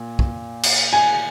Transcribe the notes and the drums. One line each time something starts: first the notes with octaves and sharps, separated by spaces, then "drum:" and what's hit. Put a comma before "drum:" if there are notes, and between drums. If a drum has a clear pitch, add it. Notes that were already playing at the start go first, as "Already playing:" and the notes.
Already playing: A#2
drum: kick
drum: cymbal
G#5